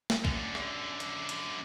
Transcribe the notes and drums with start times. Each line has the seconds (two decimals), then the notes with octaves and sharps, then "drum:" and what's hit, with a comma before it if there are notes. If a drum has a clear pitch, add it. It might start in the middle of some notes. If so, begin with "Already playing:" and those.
0.10 drum: snare
0.25 F#2 D3, drum: kick
0.55 drum: rim click
1.00 drum: hi-hat
1.29 drum: hi-hat